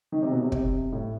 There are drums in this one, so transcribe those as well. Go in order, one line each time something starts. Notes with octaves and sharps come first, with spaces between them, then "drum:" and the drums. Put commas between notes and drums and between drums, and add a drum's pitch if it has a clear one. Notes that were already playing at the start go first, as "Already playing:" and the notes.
D#3
C3
B2
C3
C3, drum: kick
A2